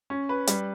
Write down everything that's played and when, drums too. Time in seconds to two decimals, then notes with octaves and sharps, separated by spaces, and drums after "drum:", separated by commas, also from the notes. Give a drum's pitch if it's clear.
0.10 C#4
0.29 B4
0.47 G3, drum: hi-hat